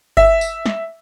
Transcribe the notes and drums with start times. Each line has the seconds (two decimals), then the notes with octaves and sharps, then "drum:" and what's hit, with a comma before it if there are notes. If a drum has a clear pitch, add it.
0.17 E5, drum: kick G1
0.41 drum: tambourine
0.66 drum: snare